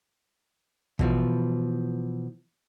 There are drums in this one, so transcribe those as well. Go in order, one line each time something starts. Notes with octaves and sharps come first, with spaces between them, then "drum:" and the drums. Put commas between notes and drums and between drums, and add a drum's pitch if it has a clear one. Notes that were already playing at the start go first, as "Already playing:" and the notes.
B2 E3 F3, drum: kick